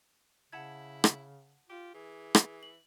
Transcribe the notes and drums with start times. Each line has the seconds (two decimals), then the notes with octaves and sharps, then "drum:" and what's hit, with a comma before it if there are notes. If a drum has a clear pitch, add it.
0.52 C#3 E4 F#5 A5 G#6
1.04 drum: rim click
1.69 F4 G4
1.94 E3 G#4
2.35 drum: rim click
2.63 F#7